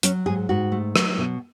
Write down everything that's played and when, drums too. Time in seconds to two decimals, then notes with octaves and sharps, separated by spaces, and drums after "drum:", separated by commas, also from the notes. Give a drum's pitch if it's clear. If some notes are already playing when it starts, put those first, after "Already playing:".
0.03 F#3 C#4, drum: hi-hat
0.26 G#2 G#4
0.49 G#2 F#4
0.72 A3
0.96 F#3, drum: rim click
1.18 B2